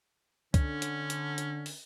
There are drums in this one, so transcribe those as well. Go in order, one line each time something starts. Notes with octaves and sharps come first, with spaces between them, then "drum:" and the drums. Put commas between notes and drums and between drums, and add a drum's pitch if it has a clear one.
D3 C#4, drum: kick, hi-hat
drum: hi-hat
drum: hi-hat
drum: hi-hat
drum: open hi-hat